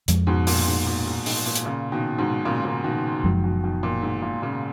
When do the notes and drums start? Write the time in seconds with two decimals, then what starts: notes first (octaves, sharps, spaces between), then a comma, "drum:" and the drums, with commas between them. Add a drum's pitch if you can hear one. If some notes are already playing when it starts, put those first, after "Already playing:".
0.08 F2 F3 G#3, drum: hi-hat
0.27 G#2 B2
0.47 A#2, drum: open hi-hat
0.67 G#2
0.86 A#2
1.07 G#2
1.26 G#2, drum: open hi-hat
1.46 A#2
1.55 drum: hi-hat
1.66 A#2 C#3
1.92 B2 D#3
2.18 G#2 B2
2.45 A#2 C#3
2.64 A#2 C#3
2.84 B2 D#3
3.23 F#1 F#2 D#3 F3 F#3 G#3
3.44 B2 D#3
3.64 B2 D#3
3.83 A#2
4.02 G#2
4.22 A#2
4.42 A#2 C#3